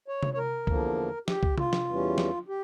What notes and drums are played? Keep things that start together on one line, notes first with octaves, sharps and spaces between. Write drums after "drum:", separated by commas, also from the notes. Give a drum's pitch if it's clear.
C#5
drum: tom C3
C#5
A#4
E2 D3 F3 A#3, drum: kick
G4, drum: snare
drum: kick
F4, drum: tom C3
drum: snare
E2 E3 G3 C#4
drum: snare
G4